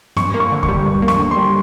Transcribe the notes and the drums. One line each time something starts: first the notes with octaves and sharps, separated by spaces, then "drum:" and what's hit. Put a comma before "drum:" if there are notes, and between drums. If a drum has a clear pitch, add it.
G2 C#6, drum: snare B3
A#3
C#6
D3
C#6, drum: kick D2
G3
G2
A#3
C#6, drum: snare B3
D3
C6
G3